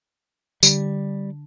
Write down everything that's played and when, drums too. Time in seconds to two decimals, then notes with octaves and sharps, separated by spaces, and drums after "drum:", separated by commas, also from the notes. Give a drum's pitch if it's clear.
0.63 D3 G3, drum: tambourine